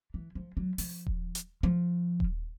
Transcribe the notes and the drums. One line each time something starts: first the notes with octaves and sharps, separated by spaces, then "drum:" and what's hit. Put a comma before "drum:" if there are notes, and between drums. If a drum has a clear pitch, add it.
E3
F3
F#3
F3, drum: open hi-hat
drum: kick D#1
drum: hi-hat
F3
drum: kick D#1